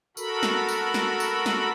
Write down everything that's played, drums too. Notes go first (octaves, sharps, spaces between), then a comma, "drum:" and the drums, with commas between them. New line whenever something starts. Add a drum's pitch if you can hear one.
F#4 A4 A#4 B5, drum: tambourine
drum: snare
drum: tambourine
drum: snare
drum: tambourine
drum: snare